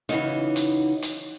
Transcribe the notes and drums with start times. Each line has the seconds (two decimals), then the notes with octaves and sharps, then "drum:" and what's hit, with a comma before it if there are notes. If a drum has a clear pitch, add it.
0.09 C#3 E3 F#3 D#4
0.56 drum: hi-hat
1.02 drum: hi-hat